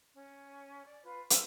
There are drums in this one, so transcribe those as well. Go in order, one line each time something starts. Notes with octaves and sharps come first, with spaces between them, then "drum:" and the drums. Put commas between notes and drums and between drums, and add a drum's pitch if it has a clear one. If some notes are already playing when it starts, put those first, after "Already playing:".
C#4
D5
F4 B4
F4 E6, drum: hi-hat